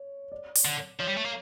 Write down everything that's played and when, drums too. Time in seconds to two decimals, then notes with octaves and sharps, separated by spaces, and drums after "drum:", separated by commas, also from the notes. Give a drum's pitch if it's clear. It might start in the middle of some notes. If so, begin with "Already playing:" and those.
Already playing: C#5
0.32 D5
0.56 drum: open hi-hat
0.65 D3
0.99 F3 C#5
1.07 G3
1.17 A3
1.25 A#3